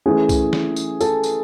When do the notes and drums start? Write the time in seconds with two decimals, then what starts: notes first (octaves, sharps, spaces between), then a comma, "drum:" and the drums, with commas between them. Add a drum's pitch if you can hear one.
0.06 E3 A3 C#4 G#4
0.29 drum: kick B1, tambourine
0.53 drum: snare
0.76 drum: tambourine
1.01 A4, drum: tambourine
1.24 drum: tambourine